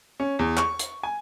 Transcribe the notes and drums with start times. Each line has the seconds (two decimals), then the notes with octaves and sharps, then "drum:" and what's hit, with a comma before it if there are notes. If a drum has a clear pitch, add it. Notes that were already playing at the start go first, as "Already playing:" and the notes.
0.20 C#4
0.39 E2
0.57 C#6, drum: clap
0.79 drum: hi-hat
1.03 G#5